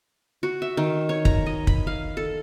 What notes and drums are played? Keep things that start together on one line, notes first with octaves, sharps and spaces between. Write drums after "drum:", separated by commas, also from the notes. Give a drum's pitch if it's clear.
F#4
E5
D#3
C#5
A#5, drum: kick
D#5
B5, drum: kick
F5
A4